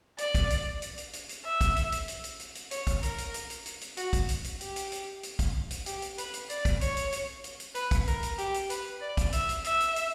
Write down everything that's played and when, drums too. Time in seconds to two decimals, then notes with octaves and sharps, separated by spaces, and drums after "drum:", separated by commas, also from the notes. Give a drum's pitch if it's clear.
0.18 D5, drum: hi-hat
0.35 drum: kick, hi-hat
0.50 drum: hi-hat
0.82 drum: hi-hat
0.98 drum: hi-hat
1.13 drum: hi-hat
1.29 drum: hi-hat
1.44 E5
1.61 drum: kick, hi-hat
1.76 drum: hi-hat
1.92 drum: hi-hat
2.08 drum: hi-hat
2.24 drum: hi-hat
2.40 drum: hi-hat
2.55 drum: hi-hat
2.71 C#5, drum: hi-hat
2.87 drum: kick, hi-hat
3.03 A#4, drum: hi-hat
3.18 drum: hi-hat
3.34 drum: hi-hat
3.50 drum: hi-hat
3.66 drum: hi-hat
3.81 drum: hi-hat
3.97 F#4, drum: hi-hat
4.13 drum: kick, hi-hat
4.29 drum: hi-hat
4.44 drum: hi-hat
4.61 G4, drum: hi-hat
4.76 drum: hi-hat
4.92 drum: hi-hat
5.23 drum: hi-hat
5.39 drum: kick, hi-hat
5.71 drum: hi-hat
5.86 G4, drum: hi-hat
6.02 drum: hi-hat
6.18 B4, drum: hi-hat
6.34 drum: hi-hat
6.50 D5, drum: hi-hat
6.65 drum: kick, hi-hat
6.81 C#5, drum: hi-hat
6.97 drum: hi-hat
7.12 drum: hi-hat
7.44 drum: hi-hat
7.60 drum: hi-hat
7.75 B4, drum: hi-hat
7.91 drum: kick, hi-hat
8.08 A#4, drum: hi-hat
8.23 drum: hi-hat
8.38 G4, drum: hi-hat
8.54 drum: hi-hat
8.70 B4, drum: hi-hat
9.01 D5
9.17 drum: kick, hi-hat
9.33 E5, drum: hi-hat
9.49 drum: hi-hat
9.64 E5, drum: hi-hat
9.80 drum: hi-hat
9.96 drum: hi-hat